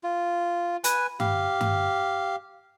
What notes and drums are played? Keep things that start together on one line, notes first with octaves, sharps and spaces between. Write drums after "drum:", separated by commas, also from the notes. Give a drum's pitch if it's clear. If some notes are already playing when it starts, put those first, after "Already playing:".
F4
B4 G#5, drum: hi-hat
G4 F5, drum: tom G2
drum: tom G2